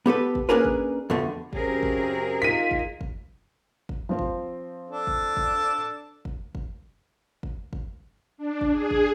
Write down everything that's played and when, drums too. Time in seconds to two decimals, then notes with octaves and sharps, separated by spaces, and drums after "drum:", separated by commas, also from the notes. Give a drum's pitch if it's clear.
0.06 B3 G4 A4 B4
0.35 drum: kick
0.49 A#3 C#4 D4 G#4 A#4 B4
0.65 drum: kick
1.10 F2 B2 D3 A3
1.53 F#2 C#3 C4 G4 G#4 A#4, drum: kick
1.83 drum: kick
2.42 D#4 F4 B6 D#7
2.71 drum: kick
3.01 drum: kick
3.89 drum: kick
4.09 F3 C4 C5
4.19 drum: kick
4.90 D4 A4
5.07 drum: kick
5.37 drum: kick
6.25 drum: kick
6.55 drum: kick
7.43 drum: kick
7.73 drum: kick
8.38 D4
8.61 drum: kick
8.72 G#4
8.91 drum: kick